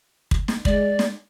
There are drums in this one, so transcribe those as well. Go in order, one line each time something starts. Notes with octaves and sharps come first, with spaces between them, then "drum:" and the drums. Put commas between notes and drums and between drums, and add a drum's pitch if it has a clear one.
drum: kick
drum: snare
G#3 D5, drum: kick
drum: snare